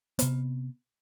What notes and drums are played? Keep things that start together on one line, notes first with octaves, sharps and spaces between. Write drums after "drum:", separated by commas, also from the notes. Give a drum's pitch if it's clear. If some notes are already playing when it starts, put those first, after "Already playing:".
C3 B3, drum: hi-hat